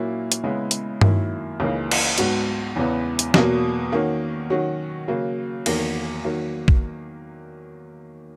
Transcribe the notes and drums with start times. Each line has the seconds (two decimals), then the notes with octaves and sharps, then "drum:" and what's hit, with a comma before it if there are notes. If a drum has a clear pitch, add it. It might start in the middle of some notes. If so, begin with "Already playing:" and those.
Already playing: A#2 F#3 A#3 C#4 E4
0.32 drum: hi-hat
0.43 C#3 G#3 B3 E4
0.71 drum: hi-hat
1.01 F#2 D#3 A#3 E4, drum: tom G2
1.60 C#2 C#3 E3 A#3 D#4
1.91 drum: cymbal
2.18 G#2 F#3 B3 F#4, drum: hi-hat
2.76 E2 C#3 E3 B3
3.19 drum: hi-hat
3.34 E2 B2 F#3 A#3, drum: snare
3.92 D#3 A#3 C#4 F#4
4.50 D#3 F#3 C#4 F#4
5.08 C#3 F#3 A#3
5.66 E2 D#3 F#3 A#3, drum: cymbal
6.24 D#3 F#3 A#3
6.68 drum: kick